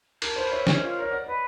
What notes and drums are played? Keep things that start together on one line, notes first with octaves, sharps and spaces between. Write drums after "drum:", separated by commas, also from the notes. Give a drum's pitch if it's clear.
A#4 A5, drum: cymbal
B4 C5
C#5 E5
C#4 D5, drum: snare
D#5
F4
A#4 C#5
D5 F#5
B4 D#5